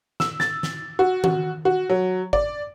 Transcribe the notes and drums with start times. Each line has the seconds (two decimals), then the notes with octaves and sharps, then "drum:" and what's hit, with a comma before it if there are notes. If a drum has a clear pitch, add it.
0.20 E6, drum: snare
0.40 A6, drum: snare
0.63 drum: snare
0.99 F#4
1.24 F#4, drum: tom D#3
1.65 F#4
1.90 F#3
2.33 D5, drum: kick G#1